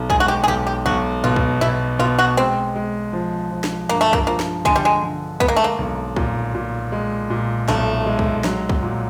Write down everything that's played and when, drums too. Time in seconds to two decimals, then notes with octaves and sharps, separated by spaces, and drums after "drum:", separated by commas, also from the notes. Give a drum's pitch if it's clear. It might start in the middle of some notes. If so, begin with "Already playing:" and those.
Already playing: B1 B2
0.10 G#3 G#4, drum: kick B1
0.20 F#4
0.28 G4
0.44 G#4
0.47 B1 G4
0.67 G4
0.86 B1 F#4
1.24 B2 F4
1.36 drum: kick B1
1.61 B2 E4
1.99 B2 F4
2.19 F#4
2.37 G#3 C4
2.76 G#3
3.13 F3
3.51 F3
3.64 drum: snare
3.89 G2 A#3
4.01 A3
4.13 A#3, drum: kick B1
4.27 F3 A#3
4.40 drum: snare
4.65 D3 G#3, drum: kick B1
4.76 G3
4.85 G#3
5.03 D3
5.40 G#3 B3, drum: kick B1
5.48 A#3
5.56 A3
5.64 A#3
5.79 B1
6.16 A#2, drum: kick B1
6.55 A#2
6.92 G#3
7.30 A#2
7.68 B1 A3, drum: snare
8.06 G#3
8.19 drum: kick B1
8.44 F#3, drum: snare
8.69 drum: kick B1
8.83 A#2